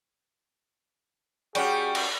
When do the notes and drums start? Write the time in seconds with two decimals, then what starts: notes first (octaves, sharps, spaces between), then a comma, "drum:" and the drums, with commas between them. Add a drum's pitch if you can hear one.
1.55 G3 C#4 F#4 G#4 G5 C#6, drum: hi-hat
1.95 drum: cymbal